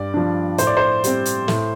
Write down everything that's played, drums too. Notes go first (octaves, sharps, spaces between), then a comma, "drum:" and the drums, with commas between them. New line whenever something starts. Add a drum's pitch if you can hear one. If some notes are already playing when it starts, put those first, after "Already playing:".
Already playing: G2 D5
F3 D4
A2 C5, drum: hi-hat
D5
C5
G3 C4, drum: hi-hat
drum: hi-hat
A2, drum: snare